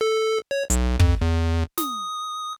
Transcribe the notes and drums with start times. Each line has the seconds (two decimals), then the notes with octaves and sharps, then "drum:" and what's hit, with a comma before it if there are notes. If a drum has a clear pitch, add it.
0.01 A4
0.51 C#5
0.70 B1, drum: hi-hat
0.99 F2, drum: kick
1.21 E2
1.78 D#6, drum: snare